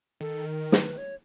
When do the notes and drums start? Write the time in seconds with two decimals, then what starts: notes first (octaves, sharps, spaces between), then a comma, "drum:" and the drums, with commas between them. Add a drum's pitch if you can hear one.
0.20 D#3 A4
0.46 A#4
0.72 B4, drum: snare
0.98 C#5